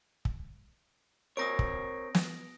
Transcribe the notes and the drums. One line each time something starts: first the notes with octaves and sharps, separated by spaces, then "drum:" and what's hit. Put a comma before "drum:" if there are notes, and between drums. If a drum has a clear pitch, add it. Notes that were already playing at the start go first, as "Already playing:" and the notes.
drum: kick
C4 A#4 C#5 D#6 A#6 D7
drum: kick
drum: snare